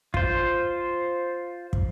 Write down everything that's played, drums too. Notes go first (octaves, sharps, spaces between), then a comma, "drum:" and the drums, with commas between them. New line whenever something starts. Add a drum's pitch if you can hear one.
F4 C5, drum: kick
drum: kick